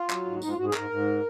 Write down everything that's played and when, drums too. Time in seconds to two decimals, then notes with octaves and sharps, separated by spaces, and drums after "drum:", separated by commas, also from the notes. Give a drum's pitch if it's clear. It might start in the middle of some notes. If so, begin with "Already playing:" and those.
Already playing: F4
0.10 F#3, drum: clap
0.26 G#2
0.42 G#2 D#4, drum: tambourine
0.49 F4
0.57 G#2 F#4
0.66 G#4
0.73 G#2 A#4, drum: clap
0.90 G#2